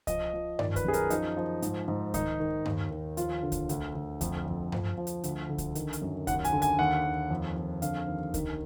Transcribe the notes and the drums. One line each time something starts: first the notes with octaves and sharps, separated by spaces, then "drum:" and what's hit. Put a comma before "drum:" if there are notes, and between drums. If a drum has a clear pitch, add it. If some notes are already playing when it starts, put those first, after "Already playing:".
F3 D#5, drum: kick C2, hi-hat
F3
D#3 D5, drum: tom G2
B4, drum: kick C2, hi-hat
F#2 G#4
A#4, drum: hi-hat
F3 D#4, drum: hi-hat
F3
G#2, drum: hi-hat
G#2
D#3 D#4, drum: kick C2, hi-hat
D#3
D#2, drum: tom G2
D#2
F3 F4, drum: hi-hat
D3
drum: kick C2, hi-hat
D2, drum: hi-hat
D2
F2, drum: kick C2, hi-hat
F2
F3, drum: tom G2
F3
drum: hi-hat
D2, drum: hi-hat
D3
drum: kick C2, hi-hat
D#3, drum: hi-hat
drum: hi-hat
F#2
D#2 F#5, drum: kick C2, hi-hat
G#5, drum: hi-hat
D3
G#5, drum: hi-hat
D#2 F#5
D#2
F2
F2
D3 F5, drum: hi-hat
D#2
D#3, drum: kick C2, hi-hat